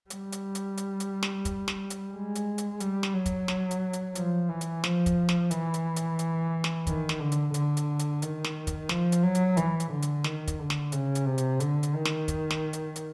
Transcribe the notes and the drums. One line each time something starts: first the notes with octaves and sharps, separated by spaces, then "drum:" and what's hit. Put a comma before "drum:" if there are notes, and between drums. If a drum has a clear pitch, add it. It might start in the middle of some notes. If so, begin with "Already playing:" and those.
G3, drum: hi-hat
drum: hi-hat
drum: hi-hat
drum: hi-hat
drum: hi-hat
drum: snare
drum: kick, hi-hat
drum: snare
drum: hi-hat
G#3
drum: hi-hat
drum: hi-hat
G3, drum: hi-hat
drum: snare
F#3
drum: kick, hi-hat
drum: snare
drum: hi-hat
drum: hi-hat
F3, drum: hi-hat
E3
drum: hi-hat
F3, drum: snare
drum: kick, hi-hat
drum: snare
E3, drum: hi-hat
drum: hi-hat
drum: hi-hat
drum: hi-hat
drum: snare
D#3, drum: kick, hi-hat
drum: snare
D3
drum: hi-hat
D3, drum: hi-hat
drum: hi-hat
drum: hi-hat
D#3, drum: hi-hat
drum: snare
drum: kick, hi-hat
F3, drum: snare
drum: hi-hat
F#3
drum: hi-hat
E3, drum: hi-hat
drum: hi-hat
D3
drum: hi-hat
D#3, drum: snare
drum: kick, hi-hat
D3
drum: snare
C#3, drum: hi-hat
drum: hi-hat
C3
drum: hi-hat
D3, drum: hi-hat
drum: hi-hat
D#3
drum: snare
drum: kick, hi-hat
drum: snare
drum: hi-hat
drum: hi-hat